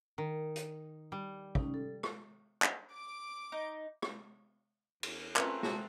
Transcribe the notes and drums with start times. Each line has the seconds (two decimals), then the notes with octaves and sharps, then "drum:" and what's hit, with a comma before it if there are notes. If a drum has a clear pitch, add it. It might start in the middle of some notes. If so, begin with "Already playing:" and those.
0.18 D#3
0.56 drum: hi-hat
1.12 G3
1.55 C#4 D#4, drum: kick
1.74 A4
2.03 drum: rim click
2.62 drum: clap
2.92 D6 D7
3.52 D#4
4.02 drum: rim click
5.03 E2, drum: cymbal
5.36 A3 C4 C#4 F4 A#4 B4 A#5, drum: clap
5.63 F#4 G#4, drum: snare